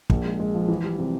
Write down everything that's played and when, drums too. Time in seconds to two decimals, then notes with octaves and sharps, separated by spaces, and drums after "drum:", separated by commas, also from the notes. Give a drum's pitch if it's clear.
0.10 A#1, drum: kick
0.25 G#3
0.40 G#3
0.55 F3
0.68 E3
0.84 G3
0.99 C3